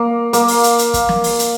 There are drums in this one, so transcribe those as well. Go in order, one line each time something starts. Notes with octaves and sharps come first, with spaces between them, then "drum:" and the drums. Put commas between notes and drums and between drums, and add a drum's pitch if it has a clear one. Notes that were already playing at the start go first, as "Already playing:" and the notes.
Already playing: A#3
A#3, drum: hi-hat
drum: open hi-hat
drum: hi-hat
drum: hi-hat
drum: kick, hi-hat
drum: snare
drum: open hi-hat
drum: hi-hat